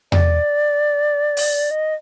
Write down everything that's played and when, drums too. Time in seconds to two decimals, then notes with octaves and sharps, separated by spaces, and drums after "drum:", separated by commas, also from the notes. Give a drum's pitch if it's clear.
0.12 D5, drum: tom E2
1.37 drum: open hi-hat
1.71 D#5